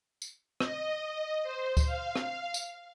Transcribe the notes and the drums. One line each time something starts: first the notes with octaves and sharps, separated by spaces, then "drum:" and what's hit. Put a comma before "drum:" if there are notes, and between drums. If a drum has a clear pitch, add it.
drum: tambourine
D#5, drum: rim click
D#5
C5
drum: kick D2, tambourine
F5
drum: rim click
drum: tambourine